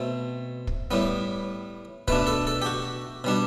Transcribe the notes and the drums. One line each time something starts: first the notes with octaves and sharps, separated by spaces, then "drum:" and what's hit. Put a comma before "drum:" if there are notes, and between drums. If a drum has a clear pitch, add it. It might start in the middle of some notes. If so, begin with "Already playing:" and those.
Already playing: B2 A3 C4
drum: kick
A2 G3 B3
B2 A3 D4 B4, drum: kick
A4
A4
G4
F#4
B2 G3 D4